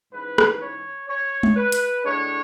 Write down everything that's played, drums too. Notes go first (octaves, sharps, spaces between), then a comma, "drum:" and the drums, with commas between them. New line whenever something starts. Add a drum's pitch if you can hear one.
G#2 E3 G#3 C#4 B4
drum: rim click
C#5
C#5
drum: tom G#3
B4
drum: hi-hat
A2 G#3 D4 C#5